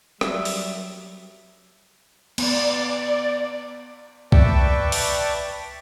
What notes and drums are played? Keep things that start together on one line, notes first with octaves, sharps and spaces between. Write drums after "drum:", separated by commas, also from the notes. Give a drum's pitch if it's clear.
F#3 G3 E5, drum: rim click
drum: open hi-hat
B3 D5, drum: cymbal
B4 D5 E5 G5 A5 C#6, drum: kick
drum: open hi-hat